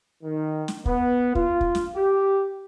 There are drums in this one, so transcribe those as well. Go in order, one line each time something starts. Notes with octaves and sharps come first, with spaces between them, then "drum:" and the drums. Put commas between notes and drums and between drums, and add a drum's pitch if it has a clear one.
D#3
drum: snare
B3, drum: kick
F4, drum: kick
drum: kick
drum: snare
G4